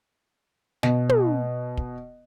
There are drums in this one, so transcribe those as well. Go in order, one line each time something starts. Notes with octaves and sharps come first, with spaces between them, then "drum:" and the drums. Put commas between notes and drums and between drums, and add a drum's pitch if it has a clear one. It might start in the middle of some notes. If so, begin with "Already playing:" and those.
B2, drum: snare
drum: tom
drum: kick